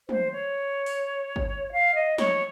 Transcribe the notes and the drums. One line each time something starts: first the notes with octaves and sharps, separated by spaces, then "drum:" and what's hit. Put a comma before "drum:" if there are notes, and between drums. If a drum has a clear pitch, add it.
C5, drum: tom
C#5
drum: open hi-hat
drum: kick G#1
F5
D#5
C#5, drum: snare